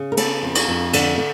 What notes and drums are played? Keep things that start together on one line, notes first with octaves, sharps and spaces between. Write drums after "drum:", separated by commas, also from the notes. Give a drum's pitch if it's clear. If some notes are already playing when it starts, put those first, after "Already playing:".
Already playing: C#3
A#4
B3 A4, drum: cymbal
F2
drum: cymbal
F2
D3, drum: cymbal
D3